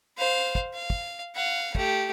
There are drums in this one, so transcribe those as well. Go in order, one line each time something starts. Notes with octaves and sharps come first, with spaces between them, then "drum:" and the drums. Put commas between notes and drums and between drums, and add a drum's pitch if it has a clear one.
C5 F5
drum: kick
F5
drum: kick
F5 F#5
A3 G4, drum: kick